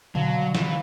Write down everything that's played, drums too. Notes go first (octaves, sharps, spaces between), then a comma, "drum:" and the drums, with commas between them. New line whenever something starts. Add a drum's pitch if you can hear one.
B2 D3 F#3 F5
E3, drum: snare